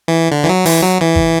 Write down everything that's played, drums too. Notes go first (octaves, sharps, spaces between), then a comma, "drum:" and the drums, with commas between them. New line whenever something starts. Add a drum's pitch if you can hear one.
E3
D3
E3
F#3
E3, drum: open hi-hat
F#3
E3
drum: kick G#1